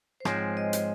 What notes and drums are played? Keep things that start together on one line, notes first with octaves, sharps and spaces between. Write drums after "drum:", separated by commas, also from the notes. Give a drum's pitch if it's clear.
C5
G#2 F3 G#3 C4 C#5, drum: rim click
D#5
drum: hi-hat